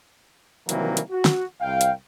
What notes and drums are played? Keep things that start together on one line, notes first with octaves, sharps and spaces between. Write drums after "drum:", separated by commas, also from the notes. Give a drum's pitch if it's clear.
C3 D#3 E3 F#3 G3 A#3, drum: hi-hat
drum: hi-hat
F#4
drum: snare
C2 F5 G5
drum: hi-hat